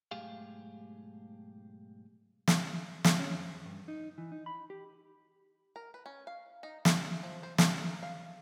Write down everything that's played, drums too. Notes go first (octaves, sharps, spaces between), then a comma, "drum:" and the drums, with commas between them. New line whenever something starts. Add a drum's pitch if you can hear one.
B1 G#2 A3 G4 G#4 F5
drum: snare
G#3, drum: snare
C#4
F2
E2
G2
D#4
E3
D#4
B5
G4
A#4
B4
C#4
F5
D#4
E4, drum: snare
F3
C5
A5, drum: snare
A#4
F5